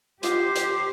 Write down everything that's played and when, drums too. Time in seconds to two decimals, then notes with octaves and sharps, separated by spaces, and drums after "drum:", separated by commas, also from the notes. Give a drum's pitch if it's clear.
0.23 F4 G4 C5 D#5 F#5 D6, drum: hi-hat
0.56 drum: hi-hat